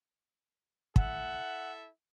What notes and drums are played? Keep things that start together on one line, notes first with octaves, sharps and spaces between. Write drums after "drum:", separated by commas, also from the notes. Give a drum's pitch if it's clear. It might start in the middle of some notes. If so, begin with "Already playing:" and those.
E4 A4 E5 F#5, drum: kick